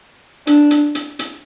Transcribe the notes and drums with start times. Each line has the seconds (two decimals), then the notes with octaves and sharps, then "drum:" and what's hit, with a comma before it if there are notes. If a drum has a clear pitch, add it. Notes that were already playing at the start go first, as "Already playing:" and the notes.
0.47 D4, drum: hi-hat
0.71 drum: hi-hat
0.95 drum: hi-hat
1.19 drum: hi-hat